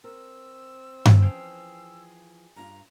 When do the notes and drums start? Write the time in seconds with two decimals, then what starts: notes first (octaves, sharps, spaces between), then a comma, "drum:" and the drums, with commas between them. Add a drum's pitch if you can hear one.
0.04 C4 A#4 E6
1.05 drum: tom G2
1.22 E3 F3 C#4 G#4 F5 G5
2.56 G2 F4 A#5